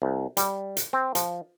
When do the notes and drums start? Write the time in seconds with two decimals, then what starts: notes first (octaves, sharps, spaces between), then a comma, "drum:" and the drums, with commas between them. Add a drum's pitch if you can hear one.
0.02 C2
0.37 G3, drum: hi-hat
0.77 drum: hi-hat
0.93 C4
1.15 F3, drum: hi-hat